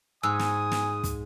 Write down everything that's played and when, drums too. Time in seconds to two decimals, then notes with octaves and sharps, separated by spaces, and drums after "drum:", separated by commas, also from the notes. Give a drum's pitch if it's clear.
0.23 G#2 G#5 D#6 E6
0.39 drum: snare
0.72 drum: snare
1.04 drum: kick, hi-hat